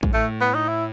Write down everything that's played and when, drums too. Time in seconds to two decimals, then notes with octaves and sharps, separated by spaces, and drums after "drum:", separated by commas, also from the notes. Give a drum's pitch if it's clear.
0.03 G#2, drum: kick
0.14 A2 A3
0.41 B3
0.54 D#4
0.68 E4